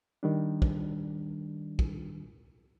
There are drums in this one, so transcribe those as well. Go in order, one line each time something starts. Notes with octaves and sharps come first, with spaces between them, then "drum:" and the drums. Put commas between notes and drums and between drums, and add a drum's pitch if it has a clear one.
D#3 G3 D4
drum: kick
drum: kick